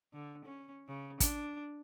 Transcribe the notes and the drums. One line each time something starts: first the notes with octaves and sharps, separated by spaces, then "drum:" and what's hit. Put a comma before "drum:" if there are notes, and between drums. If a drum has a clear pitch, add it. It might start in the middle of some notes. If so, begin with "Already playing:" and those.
D3
C#4
C#3
D4, drum: kick, hi-hat